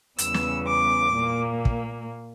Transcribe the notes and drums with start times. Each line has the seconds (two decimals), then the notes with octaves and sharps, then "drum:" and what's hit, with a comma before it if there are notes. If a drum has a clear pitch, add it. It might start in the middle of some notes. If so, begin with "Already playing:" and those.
0.18 E2 C#3 G3 B3 E6, drum: hi-hat
0.34 drum: snare
0.66 D6
1.13 A#2 A#3
1.65 drum: kick